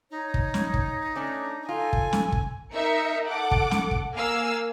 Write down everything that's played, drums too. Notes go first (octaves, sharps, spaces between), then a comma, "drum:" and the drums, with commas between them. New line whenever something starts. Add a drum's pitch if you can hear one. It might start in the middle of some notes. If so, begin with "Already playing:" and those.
D#4 C#5
drum: kick
drum: snare
drum: kick
A3 C#4 D4 D6
F4 A4 G#5
drum: kick
drum: snare
drum: kick
D#4 A#4 E5 C#7
A4 F#5 D6
drum: kick
drum: snare
drum: kick
A#3 F5 G#5 E6